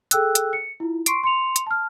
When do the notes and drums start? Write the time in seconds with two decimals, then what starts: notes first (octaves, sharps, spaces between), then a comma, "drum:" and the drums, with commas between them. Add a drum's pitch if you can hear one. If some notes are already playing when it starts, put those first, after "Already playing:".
0.11 G#4 A4 G5 E6 F#6, drum: hi-hat
0.35 drum: hi-hat
0.53 C#7
0.80 E4 F4
1.06 C6 C#6 C7 D7, drum: hi-hat
1.23 C6 C#7 F7
1.56 drum: hi-hat
1.67 A5 F6